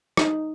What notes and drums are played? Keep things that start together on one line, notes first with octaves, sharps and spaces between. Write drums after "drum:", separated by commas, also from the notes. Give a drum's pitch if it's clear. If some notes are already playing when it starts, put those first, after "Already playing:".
D#4, drum: rim click